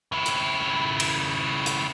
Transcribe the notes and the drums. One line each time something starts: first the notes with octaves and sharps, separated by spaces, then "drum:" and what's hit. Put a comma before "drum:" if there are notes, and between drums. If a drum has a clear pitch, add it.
C#3 E4
drum: hi-hat
drum: cymbal
drum: hi-hat